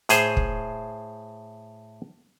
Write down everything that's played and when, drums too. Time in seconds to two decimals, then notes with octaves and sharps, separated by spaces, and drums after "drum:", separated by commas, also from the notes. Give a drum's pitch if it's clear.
0.09 A2 G#4 C5, drum: hi-hat
0.37 drum: kick